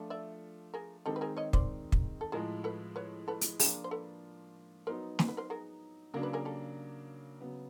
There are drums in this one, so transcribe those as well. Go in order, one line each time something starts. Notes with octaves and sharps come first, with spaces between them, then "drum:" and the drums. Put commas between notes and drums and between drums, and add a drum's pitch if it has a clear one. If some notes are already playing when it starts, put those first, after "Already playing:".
Already playing: F3 A3 D4 F4
D5 E5
G#4 A#4
D#3 G#3 C4 D#4 G4 A4
B4
G#4 A#4
C#5 D#5
C5 D5, drum: kick
drum: kick
A4
A2 F3 G#3 G#4 A#4
A4 B4
B4 C#5
A4 B4
drum: hi-hat
F3 A#3 D4 F4 G#4 A#4, drum: open hi-hat
C5
A4 B4
F#3 B3 D#4 A#4 C5
C5, drum: snare
B4
A#4 C5
G#4 A#4
C#3 F#3 A#3 D4 A#4
B4
G#4 A#4
G4 A4
C#3 F#3 B3